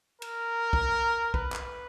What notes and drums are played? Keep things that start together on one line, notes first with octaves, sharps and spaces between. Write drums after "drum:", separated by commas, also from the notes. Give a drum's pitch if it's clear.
A#4, drum: cymbal
drum: kick
B4, drum: kick
drum: clap